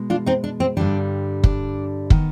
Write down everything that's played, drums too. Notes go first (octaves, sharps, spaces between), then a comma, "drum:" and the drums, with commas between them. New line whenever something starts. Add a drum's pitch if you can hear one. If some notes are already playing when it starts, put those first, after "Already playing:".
Already playing: B2 G#3
D4 F4
C4 D#4
D4
C4
G2 D3 G3 D4
D4, drum: kick
D#3 B3, drum: kick